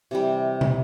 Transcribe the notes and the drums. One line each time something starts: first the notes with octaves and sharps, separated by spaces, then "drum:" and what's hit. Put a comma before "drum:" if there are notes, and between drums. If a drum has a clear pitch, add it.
C3 E3 G3
drum: tom